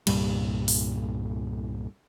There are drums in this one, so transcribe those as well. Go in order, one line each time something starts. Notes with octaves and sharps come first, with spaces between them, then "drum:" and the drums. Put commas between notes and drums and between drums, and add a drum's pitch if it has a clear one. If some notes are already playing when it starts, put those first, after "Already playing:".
C2 G2 A#2 G3, drum: cymbal
drum: open hi-hat